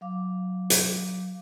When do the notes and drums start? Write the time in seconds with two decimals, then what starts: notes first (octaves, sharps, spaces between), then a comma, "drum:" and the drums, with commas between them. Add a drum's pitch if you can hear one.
0.01 F#3 F5 D6
0.70 drum: hi-hat